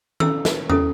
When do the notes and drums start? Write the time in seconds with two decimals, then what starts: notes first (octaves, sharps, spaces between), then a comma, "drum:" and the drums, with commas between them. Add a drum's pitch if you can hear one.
0.20 C#4 E4 A4 E6, drum: tom D#3
0.45 drum: snare
0.70 C#4 E4 A4 D#6, drum: tom E2